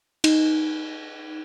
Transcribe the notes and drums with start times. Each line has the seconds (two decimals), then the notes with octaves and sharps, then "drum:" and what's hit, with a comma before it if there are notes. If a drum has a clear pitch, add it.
0.24 D#4, drum: cymbal